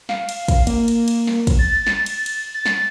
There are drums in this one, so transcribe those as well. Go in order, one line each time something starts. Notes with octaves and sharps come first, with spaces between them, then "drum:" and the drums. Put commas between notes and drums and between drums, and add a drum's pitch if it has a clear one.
F5, drum: snare
drum: cymbal
drum: kick, cymbal
A#3, drum: cymbal
drum: cymbal
drum: cymbal
drum: snare
drum: kick, cymbal
A6
drum: snare
drum: cymbal
drum: cymbal
A6
drum: snare